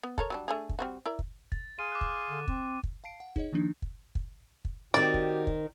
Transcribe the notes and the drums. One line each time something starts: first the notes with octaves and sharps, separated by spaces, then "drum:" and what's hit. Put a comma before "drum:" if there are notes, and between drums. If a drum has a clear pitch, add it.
B3
A4 A#4 C#5, drum: kick
F#3 G3 D4
A3 D4 G#4
drum: kick
G3 C4 F#4
E4 A#4 D5
drum: kick
A6, drum: kick
G#4 F5 C6 D#7
D6 F#6
drum: kick
D3
C4, drum: kick
drum: kick
F5 A5 C7 D7
F#5
D#4 G#4 C#5 D#5, drum: kick
D#3 F3 A#3 D4 D#4
drum: kick
drum: kick
drum: kick
D#3 C4 F#4 G4 D5
drum: kick
drum: kick